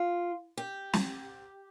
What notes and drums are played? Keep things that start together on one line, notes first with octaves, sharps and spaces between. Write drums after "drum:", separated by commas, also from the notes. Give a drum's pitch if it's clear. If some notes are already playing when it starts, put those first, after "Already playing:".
Already playing: F4
G4
drum: snare